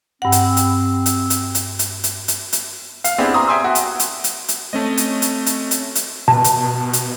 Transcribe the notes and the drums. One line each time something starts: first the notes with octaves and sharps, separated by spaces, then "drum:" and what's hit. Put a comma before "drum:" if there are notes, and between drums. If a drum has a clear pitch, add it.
G2 C4 F#5
drum: hi-hat
drum: hi-hat
drum: hi-hat
drum: hi-hat
drum: hi-hat
drum: hi-hat
drum: hi-hat
drum: hi-hat
drum: hi-hat
F5, drum: hi-hat
B3 C4 D4 E4 G4 G#4
A#5 C6 D#6
E5 G5 G#5 C6 D#6 E6
F#4
drum: hi-hat
drum: hi-hat
drum: hi-hat
drum: hi-hat
A3 C4 C#4 D#5
drum: hi-hat
drum: hi-hat
drum: hi-hat
drum: hi-hat
drum: hi-hat
B2 A5
drum: hi-hat
drum: hi-hat